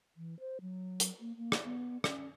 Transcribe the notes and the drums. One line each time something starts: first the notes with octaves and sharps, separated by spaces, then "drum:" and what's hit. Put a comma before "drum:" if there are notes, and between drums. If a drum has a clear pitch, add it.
E3
C5
F#3
drum: hi-hat
A#3
A#3
drum: rim click
B3
C#4, drum: rim click